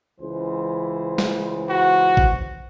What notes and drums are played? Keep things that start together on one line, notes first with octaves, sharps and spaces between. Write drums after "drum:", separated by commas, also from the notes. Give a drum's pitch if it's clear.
C#2 E3 C5
drum: snare
F#4
drum: kick A1